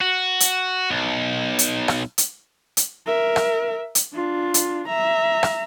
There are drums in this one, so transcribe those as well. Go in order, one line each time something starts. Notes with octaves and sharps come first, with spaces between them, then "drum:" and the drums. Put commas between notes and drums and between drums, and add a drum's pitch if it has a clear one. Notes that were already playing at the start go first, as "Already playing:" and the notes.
F#4
drum: hi-hat
B1
drum: hi-hat
drum: rim click
drum: hi-hat
drum: hi-hat
A#4 E5
drum: rim click
drum: hi-hat
D4 F4
drum: hi-hat
E5 A#5
drum: rim click